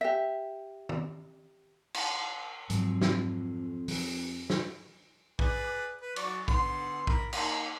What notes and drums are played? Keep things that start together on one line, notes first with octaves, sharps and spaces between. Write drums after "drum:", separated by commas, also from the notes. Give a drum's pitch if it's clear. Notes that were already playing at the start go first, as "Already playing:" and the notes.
G4 E5
drum: tom
drum: cymbal
F2 G#2 F3 F#3, drum: hi-hat
drum: snare
F3, drum: open hi-hat
drum: snare
G#4 B4 D5, drum: kick A#1
B4
F#3 D5 C#6, drum: cymbal
D3 B3 C6, drum: kick A#1
A#4 B5, drum: kick A#1
A#3 D#4, drum: cymbal